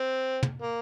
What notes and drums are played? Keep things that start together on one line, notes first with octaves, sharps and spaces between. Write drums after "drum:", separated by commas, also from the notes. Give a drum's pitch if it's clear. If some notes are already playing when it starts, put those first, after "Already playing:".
Already playing: C4
drum: tom
A#3